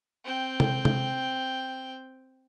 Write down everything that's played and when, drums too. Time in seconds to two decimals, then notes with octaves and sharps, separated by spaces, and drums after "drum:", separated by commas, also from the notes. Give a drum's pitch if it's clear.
0.24 C4 G5
0.60 drum: tom C3
0.85 drum: tom C3